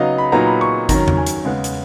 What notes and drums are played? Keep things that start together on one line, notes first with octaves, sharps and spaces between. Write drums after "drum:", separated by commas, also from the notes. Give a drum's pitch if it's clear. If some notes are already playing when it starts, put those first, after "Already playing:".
Already playing: C#3 F#3 B3 D#4 D#5 F5
B5
A#2 F#3 B3 D#4 A#5
B5
C#6
D#3 F#3 C#4 A#5, drum: kick G#1, hi-hat
drum: tom
G#5
drum: hi-hat
C#3 G#3 B3 F#5
drum: hi-hat